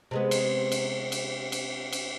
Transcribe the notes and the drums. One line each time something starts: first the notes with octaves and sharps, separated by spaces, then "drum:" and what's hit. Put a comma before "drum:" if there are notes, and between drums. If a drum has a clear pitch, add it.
C3 G#3 B3
drum: cymbal
drum: cymbal
drum: cymbal
drum: cymbal
drum: cymbal